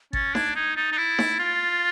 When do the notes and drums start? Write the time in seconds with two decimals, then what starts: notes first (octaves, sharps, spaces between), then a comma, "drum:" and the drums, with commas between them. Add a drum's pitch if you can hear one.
0.13 C#4 A6, drum: kick G#1
0.35 D4 G#6, drum: snare D#4
0.56 D#4 G#6
0.76 D#4 A6
0.92 D#4
0.98 E4
1.19 drum: snare D#4
1.39 F4